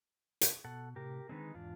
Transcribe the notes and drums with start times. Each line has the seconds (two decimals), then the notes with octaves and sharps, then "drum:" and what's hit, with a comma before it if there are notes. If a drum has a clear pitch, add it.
0.41 drum: hi-hat
0.65 B2 A4 F#5
0.96 A2 C3 G4 A#4
1.29 D3 D#3 G#3 C4 D#4 B4
1.55 E2 G#2 D4 F4